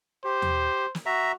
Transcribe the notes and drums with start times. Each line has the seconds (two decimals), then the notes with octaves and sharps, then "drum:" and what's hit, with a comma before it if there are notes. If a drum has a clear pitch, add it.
0.25 G4 C5
0.42 drum: tom
0.95 drum: snare
1.06 F#4 E5 A#5